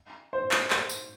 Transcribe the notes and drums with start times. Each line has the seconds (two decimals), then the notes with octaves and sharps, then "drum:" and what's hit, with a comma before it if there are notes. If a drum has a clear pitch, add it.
0.33 C5
0.51 drum: clap
0.70 drum: clap
0.89 drum: tambourine